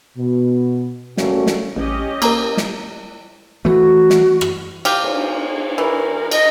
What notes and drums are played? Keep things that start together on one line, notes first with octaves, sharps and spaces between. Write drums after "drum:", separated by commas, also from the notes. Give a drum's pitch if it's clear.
B2
A1 G3 A3 A#3 C#4 F#4, drum: snare
drum: snare
A1 C#4 G4 D#5
A#3 A#4 A#5 E6, drum: cymbal
drum: snare
E3 A3 F#4
drum: snare
drum: rim click
G4 F5, drum: cymbal
drum: cymbal
E3 A#4
D#5, drum: cymbal